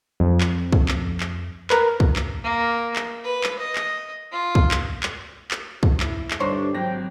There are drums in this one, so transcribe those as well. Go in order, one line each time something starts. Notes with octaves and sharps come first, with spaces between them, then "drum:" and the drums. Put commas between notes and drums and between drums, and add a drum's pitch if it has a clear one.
F2
drum: clap
drum: kick
drum: clap
drum: clap
A#4 B4, drum: clap
drum: kick
drum: clap
A#3
drum: clap
B4
drum: clap
D#5
drum: clap
F4
drum: kick
drum: clap
drum: clap
drum: clap
drum: kick
E4, drum: clap
drum: clap
G2 D3 D4 D#4 C5 C#5
G#1 F#3 C4 G5 A#6